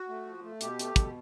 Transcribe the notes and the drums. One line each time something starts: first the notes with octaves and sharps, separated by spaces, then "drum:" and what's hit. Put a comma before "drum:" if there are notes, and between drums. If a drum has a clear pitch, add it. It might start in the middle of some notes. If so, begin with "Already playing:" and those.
Already playing: F#4
A3
F3
A3
B2 G4, drum: hi-hat
A3, drum: hi-hat
B2, drum: kick, hi-hat